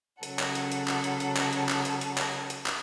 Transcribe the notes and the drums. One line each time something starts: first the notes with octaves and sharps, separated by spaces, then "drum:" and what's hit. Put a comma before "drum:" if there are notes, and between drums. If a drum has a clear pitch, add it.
C#3 F#3 A4 F#5, drum: hi-hat
drum: clap
drum: hi-hat
drum: hi-hat
drum: clap
drum: hi-hat
drum: hi-hat
drum: clap
drum: hi-hat
drum: clap
drum: hi-hat
drum: hi-hat
drum: clap
drum: hi-hat
drum: clap